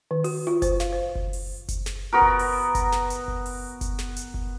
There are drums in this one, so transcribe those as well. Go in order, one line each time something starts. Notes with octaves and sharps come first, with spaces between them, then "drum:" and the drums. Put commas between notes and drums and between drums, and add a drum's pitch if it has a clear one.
D#3
F#4, drum: open hi-hat
F4
C5, drum: kick F#1, hi-hat
F5, drum: snare
C5
drum: kick F#1
drum: open hi-hat
drum: kick F#1, hi-hat
drum: snare
B3 F#4 A#4
drum: kick F#1
drum: open hi-hat
drum: kick F#1, hi-hat
drum: snare
drum: hi-hat
drum: kick F#1
drum: open hi-hat
drum: kick F#1, hi-hat
drum: snare
drum: hi-hat
drum: kick F#1